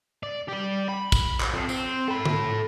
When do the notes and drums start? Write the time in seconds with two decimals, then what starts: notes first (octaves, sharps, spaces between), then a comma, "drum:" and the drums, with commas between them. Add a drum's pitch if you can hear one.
0.23 D5
0.48 G4 D5
0.89 B5
1.12 drum: kick, tambourine
1.41 drum: clap
1.54 F2
1.69 C4, drum: tambourine
2.08 A4 B5
2.25 drum: tom D3